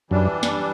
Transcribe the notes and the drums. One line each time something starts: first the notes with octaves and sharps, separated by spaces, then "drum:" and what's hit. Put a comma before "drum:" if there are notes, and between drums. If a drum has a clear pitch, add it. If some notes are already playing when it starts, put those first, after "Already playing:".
F#2 E3 G3 D4
drum: snare